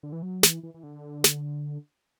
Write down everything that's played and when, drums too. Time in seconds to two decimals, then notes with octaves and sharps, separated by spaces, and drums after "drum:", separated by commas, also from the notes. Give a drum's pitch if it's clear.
0.03 D3
0.12 E3
0.23 F#3
0.43 E3, drum: snare
0.63 E3
0.74 E3
0.83 D3
1.24 drum: snare